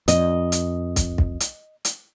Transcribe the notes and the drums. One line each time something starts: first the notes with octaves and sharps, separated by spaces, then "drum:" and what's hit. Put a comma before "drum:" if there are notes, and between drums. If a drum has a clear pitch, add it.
F2 D#5, drum: hi-hat
drum: hi-hat
drum: kick, hi-hat
drum: kick
drum: hi-hat
drum: hi-hat